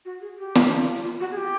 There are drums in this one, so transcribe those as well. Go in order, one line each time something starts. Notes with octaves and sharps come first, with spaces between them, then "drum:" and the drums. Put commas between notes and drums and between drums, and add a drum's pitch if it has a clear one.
F#4
G#4
G4
drum: snare
F4
F#4
G#4
G4